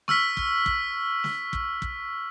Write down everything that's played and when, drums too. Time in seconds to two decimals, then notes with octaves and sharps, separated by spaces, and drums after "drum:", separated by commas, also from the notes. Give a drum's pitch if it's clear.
0.08 C#6 E6 F6 B6, drum: snare
0.37 drum: kick
0.66 drum: kick
1.24 drum: snare
1.53 drum: kick
1.82 drum: kick